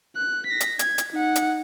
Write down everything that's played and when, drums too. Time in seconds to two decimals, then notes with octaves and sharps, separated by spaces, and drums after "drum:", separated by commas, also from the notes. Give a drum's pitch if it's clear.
0.16 F#6
0.47 A#6 B6
0.60 drum: hi-hat
0.79 G#6, drum: hi-hat
0.98 drum: hi-hat
1.13 D#4 F#5
1.36 drum: hi-hat